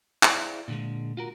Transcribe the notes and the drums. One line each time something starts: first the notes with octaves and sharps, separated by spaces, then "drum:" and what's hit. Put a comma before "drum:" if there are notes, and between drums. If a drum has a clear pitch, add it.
E4 G#4 C5 D5 E5 F5, drum: clap
A#2 D3 G#3
F4 F#4 A#4